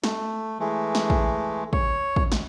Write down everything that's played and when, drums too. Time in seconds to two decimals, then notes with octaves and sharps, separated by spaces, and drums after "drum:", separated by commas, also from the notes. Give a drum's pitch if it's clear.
0.04 A3, drum: snare
0.60 E3 G#3 A3
0.95 drum: snare
1.10 drum: kick
1.73 C#5, drum: kick
2.16 drum: kick
2.32 drum: snare